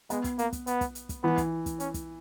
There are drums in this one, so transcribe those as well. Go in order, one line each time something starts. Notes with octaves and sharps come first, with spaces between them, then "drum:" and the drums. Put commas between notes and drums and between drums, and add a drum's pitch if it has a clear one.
G#3 B3, drum: hi-hat
drum: kick, hi-hat
A#3, drum: hi-hat
drum: kick, hi-hat
B3, drum: hi-hat
drum: kick, hi-hat
drum: hi-hat
drum: kick, hi-hat
E3 B3
drum: kick, hi-hat
drum: kick, hi-hat
C#4, drum: hi-hat
drum: kick, hi-hat